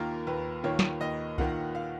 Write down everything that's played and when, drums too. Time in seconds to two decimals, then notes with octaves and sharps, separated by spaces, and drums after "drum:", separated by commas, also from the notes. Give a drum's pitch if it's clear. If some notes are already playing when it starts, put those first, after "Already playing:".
Already playing: D#2 D#3 A#3 F4 A#4
0.27 D#2 B4
0.63 D#3 A#3 F4 C#5
0.79 drum: snare
1.01 D#2 D#5
1.38 D#3 A#3 F4 F#5, drum: kick C2
1.75 F5